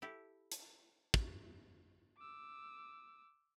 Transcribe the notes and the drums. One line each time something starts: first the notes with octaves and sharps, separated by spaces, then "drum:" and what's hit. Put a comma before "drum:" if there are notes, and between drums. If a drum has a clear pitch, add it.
E4 G4 A4
drum: hi-hat
drum: kick
D6 E6